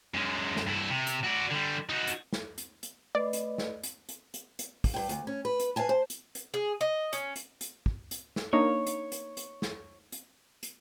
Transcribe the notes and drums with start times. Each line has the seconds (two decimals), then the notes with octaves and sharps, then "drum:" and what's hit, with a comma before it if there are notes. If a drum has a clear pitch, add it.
0.14 F#2 G#3
0.56 drum: snare
0.67 G2 E4
0.90 C3
1.07 drum: hi-hat
1.24 F#4 D5
1.51 D3 G3
1.89 D#4 F#4
2.07 drum: hi-hat
2.33 drum: snare
2.58 drum: hi-hat
2.83 drum: hi-hat
3.15 A3 B4 D5 D#5
3.33 drum: hi-hat
3.58 drum: snare
3.83 drum: hi-hat
4.09 drum: hi-hat
4.34 drum: hi-hat
4.59 drum: hi-hat
4.84 drum: kick, open hi-hat
4.94 G2 G5
5.09 D2, drum: hi-hat
5.27 C#4
5.45 B4
5.60 drum: hi-hat
5.76 B4 D5 F5 G#5 A5
5.89 C5
6.10 drum: hi-hat
6.35 drum: hi-hat
6.54 G#4
6.81 D#5
7.13 C#4, drum: hi-hat
7.36 drum: hi-hat
7.61 drum: hi-hat
7.86 drum: kick
8.11 drum: hi-hat
8.36 drum: snare
8.53 A#3 D4 D#4 C#5
8.87 drum: hi-hat
9.12 drum: hi-hat
9.37 drum: hi-hat
9.62 drum: snare
10.12 drum: hi-hat
10.63 drum: hi-hat